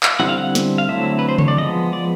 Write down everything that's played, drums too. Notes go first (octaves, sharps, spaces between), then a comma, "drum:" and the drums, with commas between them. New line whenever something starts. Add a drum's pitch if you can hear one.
drum: clap
D3 G3 C4 E4 F#5
F5
F#5
drum: snare
F5
D3 F#3 A3 C4 E4 E5
B4
C5
C#5, drum: tom C#3
D5
F3 G#3 B3 D#5
D5